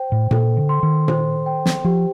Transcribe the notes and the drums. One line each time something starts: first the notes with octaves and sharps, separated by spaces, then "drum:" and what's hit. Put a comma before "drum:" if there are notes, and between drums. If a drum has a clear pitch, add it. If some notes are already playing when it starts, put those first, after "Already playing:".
Already playing: C5 G5
A2
A#2 A4, drum: tom A#2
D3
C6
D#3
C5, drum: tom A#2
G5
drum: snare
F3 G4